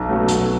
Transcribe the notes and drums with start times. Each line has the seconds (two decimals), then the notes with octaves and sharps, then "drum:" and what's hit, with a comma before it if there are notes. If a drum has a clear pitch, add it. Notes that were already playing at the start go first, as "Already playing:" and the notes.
Already playing: B1
0.09 B2 F#3 A3
0.28 B1, drum: hi-hat